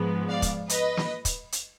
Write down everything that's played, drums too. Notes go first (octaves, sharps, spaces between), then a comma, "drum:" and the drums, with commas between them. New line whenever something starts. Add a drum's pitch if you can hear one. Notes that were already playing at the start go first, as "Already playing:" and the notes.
Already playing: G#2 F3 G#3 B3
D5 F5
drum: kick, hi-hat
B4 D#5, drum: hi-hat
drum: snare
drum: kick, hi-hat
drum: hi-hat